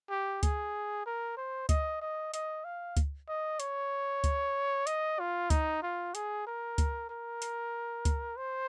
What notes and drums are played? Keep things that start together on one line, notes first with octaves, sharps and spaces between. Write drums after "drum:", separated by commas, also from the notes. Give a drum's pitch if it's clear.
G4
G#4, drum: kick C#2, hi-hat
A#4
C5
D#5, drum: kick C#2, hi-hat
D#5
D#5, drum: hi-hat
F5
drum: kick C#2, hi-hat
D#5
C#5, drum: hi-hat
drum: kick C#2, hi-hat
D#5, drum: hi-hat
F4
D#4, drum: kick C#2, hi-hat
F4
G#4, drum: hi-hat
A#4
drum: kick C#2, hi-hat
A#4
drum: hi-hat
drum: kick C#2, hi-hat
C5